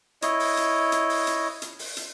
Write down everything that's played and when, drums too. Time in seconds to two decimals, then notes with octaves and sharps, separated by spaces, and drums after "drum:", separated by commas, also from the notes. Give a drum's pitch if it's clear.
0.22 E4 C#5 D#5, drum: hi-hat
0.40 drum: open hi-hat
0.57 drum: hi-hat
0.92 drum: hi-hat
1.09 drum: open hi-hat
1.27 drum: hi-hat
1.62 drum: hi-hat
1.79 drum: open hi-hat
1.97 drum: hi-hat